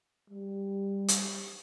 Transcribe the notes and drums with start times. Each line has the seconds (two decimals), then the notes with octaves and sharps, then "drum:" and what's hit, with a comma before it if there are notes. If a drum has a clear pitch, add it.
0.30 G3
1.08 drum: hi-hat